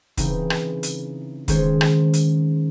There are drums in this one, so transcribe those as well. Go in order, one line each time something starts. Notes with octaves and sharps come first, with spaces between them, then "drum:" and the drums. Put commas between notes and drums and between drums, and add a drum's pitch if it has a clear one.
C#3 E3 C4 D#4, drum: kick, hi-hat
drum: rim click
drum: hi-hat
D#3 G#3 C#4 G#4 C5, drum: kick, hi-hat
drum: rim click
drum: hi-hat